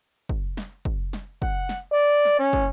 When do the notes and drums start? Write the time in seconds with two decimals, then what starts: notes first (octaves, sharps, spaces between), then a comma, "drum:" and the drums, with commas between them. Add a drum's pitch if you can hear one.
0.29 drum: kick
0.57 drum: snare
0.85 drum: kick
1.13 drum: snare
1.42 F#5, drum: kick
1.69 drum: snare
1.92 D5
2.25 drum: snare
2.39 C#4
2.53 drum: kick